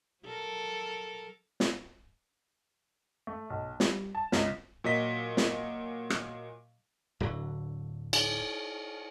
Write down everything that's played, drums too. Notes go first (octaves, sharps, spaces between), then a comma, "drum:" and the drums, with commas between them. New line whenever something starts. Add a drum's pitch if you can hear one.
F#3 A4 A#4
drum: snare
A3
B1
G3, drum: snare
A5
C#2, drum: snare
A#2 F#3 D#5 B6
drum: snare
drum: rim click
D1 D3 F#3
drum: cymbal